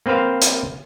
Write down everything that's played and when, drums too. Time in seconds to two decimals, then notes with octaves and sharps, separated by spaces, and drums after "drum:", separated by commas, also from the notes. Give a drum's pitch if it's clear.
0.06 A#3 C4 B4 C5 F5
0.42 drum: hi-hat